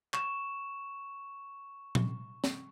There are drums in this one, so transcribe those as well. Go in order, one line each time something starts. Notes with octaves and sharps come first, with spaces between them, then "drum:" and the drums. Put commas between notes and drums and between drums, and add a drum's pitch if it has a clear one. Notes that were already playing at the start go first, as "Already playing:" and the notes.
C#6 E7, drum: clap
drum: tom A#2
drum: snare